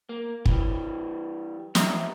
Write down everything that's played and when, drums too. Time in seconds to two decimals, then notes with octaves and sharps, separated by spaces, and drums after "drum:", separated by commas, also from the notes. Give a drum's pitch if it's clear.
0.09 A#3
0.46 E3 G3, drum: kick
1.75 A3 F4 G4 D#5 E5 A#5, drum: snare